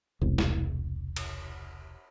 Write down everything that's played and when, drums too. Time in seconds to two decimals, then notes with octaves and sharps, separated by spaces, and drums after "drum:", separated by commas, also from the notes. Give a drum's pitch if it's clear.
0.21 E1 C2
0.38 drum: snare
1.16 drum: cymbal